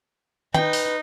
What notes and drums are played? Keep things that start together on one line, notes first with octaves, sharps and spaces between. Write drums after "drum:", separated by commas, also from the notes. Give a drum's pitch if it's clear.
D#4 B4 G5, drum: tom D#3
drum: open hi-hat